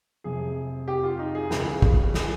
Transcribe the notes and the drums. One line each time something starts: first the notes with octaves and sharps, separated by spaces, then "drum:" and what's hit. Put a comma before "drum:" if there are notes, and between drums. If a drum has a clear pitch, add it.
F1 F2 C3 G#4
G4
F4
D#4
G#4
C#2 C#3 G#3, drum: snare
drum: kick
G#4, drum: snare